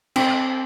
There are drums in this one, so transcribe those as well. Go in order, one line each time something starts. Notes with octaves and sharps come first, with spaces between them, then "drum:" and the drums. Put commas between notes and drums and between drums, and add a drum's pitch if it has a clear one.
C4, drum: cymbal